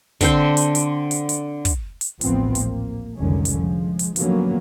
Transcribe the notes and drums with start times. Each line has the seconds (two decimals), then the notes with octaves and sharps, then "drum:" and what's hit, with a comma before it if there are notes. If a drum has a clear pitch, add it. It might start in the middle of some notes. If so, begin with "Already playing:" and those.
0.21 D3 C4 C5, drum: kick, hi-hat
0.57 drum: hi-hat
0.75 drum: hi-hat
1.11 drum: hi-hat
1.29 drum: hi-hat
1.65 drum: kick, hi-hat
2.01 drum: hi-hat
2.21 A1 D2 A#2 F3 B3 C4, drum: hi-hat
2.55 drum: hi-hat
2.65 A#3
3.17 F1 C2 D3 D#3 G#3 C#4
3.45 drum: hi-hat
3.56 F3 G#3
3.99 drum: hi-hat
4.16 D3 F3 F#3 A#3 B3 C#4, drum: hi-hat